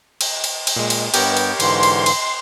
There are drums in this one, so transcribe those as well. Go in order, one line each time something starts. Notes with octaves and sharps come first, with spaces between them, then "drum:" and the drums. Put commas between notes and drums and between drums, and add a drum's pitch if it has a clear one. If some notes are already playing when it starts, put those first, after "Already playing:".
drum: cymbal
drum: cymbal
drum: cymbal
A#2 G#3
drum: cymbal
G2 B3 G4 A#4 C#5 G5, drum: cymbal
drum: cymbal
G#2 D3 E3 C6, drum: cymbal
drum: cymbal
drum: cymbal